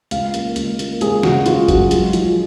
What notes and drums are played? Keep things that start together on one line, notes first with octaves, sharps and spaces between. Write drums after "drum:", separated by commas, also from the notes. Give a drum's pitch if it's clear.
C#2 F5, drum: hi-hat
A#3, drum: hi-hat
C#2, drum: hi-hat
A#3, drum: hi-hat
C#2 G#4, drum: hi-hat
C#3 F#4, drum: snare
C#2 F4, drum: hi-hat
F#3 F#4, drum: kick G1, hi-hat
G#3 F#4, drum: hi-hat
F3, drum: hi-hat